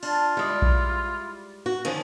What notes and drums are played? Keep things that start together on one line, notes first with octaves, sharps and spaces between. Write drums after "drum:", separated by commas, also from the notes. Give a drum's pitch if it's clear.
D4 F4, drum: cymbal
G3 G#3 E4 D5
drum: kick A#1
F#4
D3 D#3 F3 C#4, drum: cymbal